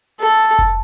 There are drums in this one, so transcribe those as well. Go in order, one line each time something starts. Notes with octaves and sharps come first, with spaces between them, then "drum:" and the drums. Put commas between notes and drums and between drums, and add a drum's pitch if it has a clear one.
A4
drum: kick F1